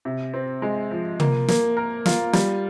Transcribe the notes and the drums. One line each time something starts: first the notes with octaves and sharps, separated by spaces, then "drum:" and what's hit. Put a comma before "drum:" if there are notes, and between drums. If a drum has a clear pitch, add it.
C3
C4
G#3
F3
A#3, drum: tom
A#3, drum: snare
A#4
F4, drum: snare
G3, drum: snare